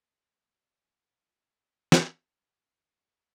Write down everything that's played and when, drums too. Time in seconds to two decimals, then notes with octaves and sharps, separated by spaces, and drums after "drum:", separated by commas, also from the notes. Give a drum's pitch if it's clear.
0.19 F5
0.32 A3
0.45 A#3
0.57 D5
0.79 A3
0.94 G#1
1.10 E2
1.26 F4
1.44 A2
1.61 C#4
1.92 drum: snare
2.74 F1 F2 D4 F#4 F5